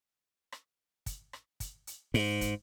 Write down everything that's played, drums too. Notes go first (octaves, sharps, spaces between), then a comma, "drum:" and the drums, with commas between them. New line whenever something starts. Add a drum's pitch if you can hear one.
drum: rim click
drum: kick, hi-hat
drum: rim click
drum: kick, hi-hat
drum: hi-hat
G#2, drum: open hi-hat
drum: kick, hi-hat